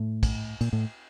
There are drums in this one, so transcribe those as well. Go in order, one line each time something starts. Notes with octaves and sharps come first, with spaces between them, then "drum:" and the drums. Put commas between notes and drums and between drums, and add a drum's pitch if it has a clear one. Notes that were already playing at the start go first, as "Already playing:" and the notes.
Already playing: A2
drum: kick, cymbal
A#2, drum: cymbal
A2